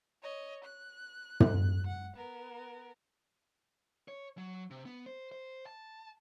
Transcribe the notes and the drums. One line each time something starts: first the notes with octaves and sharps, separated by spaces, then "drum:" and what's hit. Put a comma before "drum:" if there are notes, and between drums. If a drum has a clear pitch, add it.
C#5 D#5
F#6
drum: tom
F#5
B3 A#4
C#5
F#3
C3
B3
C5
C5
A5